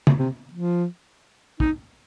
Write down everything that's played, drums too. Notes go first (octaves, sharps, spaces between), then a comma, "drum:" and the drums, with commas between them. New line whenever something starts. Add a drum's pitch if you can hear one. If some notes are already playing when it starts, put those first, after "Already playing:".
drum: tom
C3
F3
D#4, drum: kick